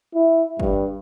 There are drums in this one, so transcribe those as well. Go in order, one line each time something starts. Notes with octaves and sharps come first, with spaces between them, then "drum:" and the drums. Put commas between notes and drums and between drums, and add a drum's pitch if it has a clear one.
E4
G2, drum: kick